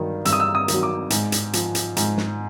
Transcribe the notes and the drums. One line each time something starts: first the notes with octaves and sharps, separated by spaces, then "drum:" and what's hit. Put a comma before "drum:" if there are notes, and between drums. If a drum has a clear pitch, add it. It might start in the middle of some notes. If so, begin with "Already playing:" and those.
Already playing: G2 D#3 F#3
G2 E6, drum: hi-hat
D#6
E6
D#6
D#3 F#3, drum: hi-hat
D6
G#2, drum: hi-hat
drum: hi-hat
F3, drum: hi-hat
drum: hi-hat
G#2, drum: hi-hat
drum: snare